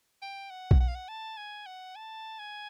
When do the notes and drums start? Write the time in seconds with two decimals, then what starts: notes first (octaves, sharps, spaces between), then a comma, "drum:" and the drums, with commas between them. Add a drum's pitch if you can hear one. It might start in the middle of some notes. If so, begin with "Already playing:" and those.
0.22 G5
0.50 F#5
0.71 drum: kick B1
0.80 F#5
0.88 F5
0.95 F#5
1.09 A5
1.37 G#5
1.67 F#5
1.96 A5
2.39 G#5